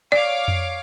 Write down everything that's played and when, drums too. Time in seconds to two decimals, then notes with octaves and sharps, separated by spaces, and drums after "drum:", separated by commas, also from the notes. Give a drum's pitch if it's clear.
0.12 C#5 D5 F5 D6
0.48 drum: tom F2